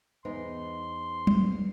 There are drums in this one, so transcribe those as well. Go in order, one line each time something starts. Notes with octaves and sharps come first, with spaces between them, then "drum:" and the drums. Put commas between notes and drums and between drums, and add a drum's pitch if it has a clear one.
E2 B3 D#4 C5 C6
drum: tom F#3